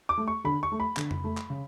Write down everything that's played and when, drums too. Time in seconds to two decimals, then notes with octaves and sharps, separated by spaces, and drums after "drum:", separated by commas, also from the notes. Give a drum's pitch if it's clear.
0.09 D6
0.18 A3
0.28 C#6
0.44 D3 B5
0.63 C#6
0.72 A3
0.80 B5
0.97 D3, drum: clap
1.11 drum: tom F2
1.24 A3
1.37 drum: clap
1.50 C#3